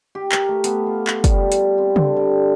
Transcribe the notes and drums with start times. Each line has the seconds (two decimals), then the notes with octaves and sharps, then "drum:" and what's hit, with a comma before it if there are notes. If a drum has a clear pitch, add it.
0.15 G4
0.32 A#4, drum: clap
0.48 A3
0.64 B3, drum: hi-hat
0.87 F4
1.07 drum: clap
1.24 G3, drum: kick, hi-hat
1.52 drum: hi-hat
1.78 C4
1.96 D3, drum: tom C#3
2.17 G3